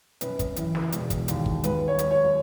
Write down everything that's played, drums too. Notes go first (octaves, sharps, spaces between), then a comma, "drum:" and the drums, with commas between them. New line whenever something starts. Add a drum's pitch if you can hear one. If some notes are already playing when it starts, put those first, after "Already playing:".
F#2 B4, drum: hi-hat
drum: kick, hi-hat
E3, drum: hi-hat
drum: snare
E1, drum: hi-hat
drum: kick, hi-hat
D#2, drum: hi-hat
drum: kick
G#2 B4, drum: hi-hat
C#5
F#3, drum: hi-hat
C#5